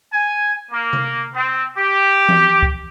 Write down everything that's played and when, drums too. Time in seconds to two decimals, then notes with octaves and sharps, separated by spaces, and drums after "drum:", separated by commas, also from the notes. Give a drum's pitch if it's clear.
0.13 G#5
0.72 A#3
0.93 drum: tom C3
1.35 C4
1.78 G4
2.29 drum: tom E3
2.62 drum: kick